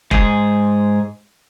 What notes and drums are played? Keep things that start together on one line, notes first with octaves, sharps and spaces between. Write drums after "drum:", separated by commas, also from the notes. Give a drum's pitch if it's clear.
G#2 G#4, drum: kick E1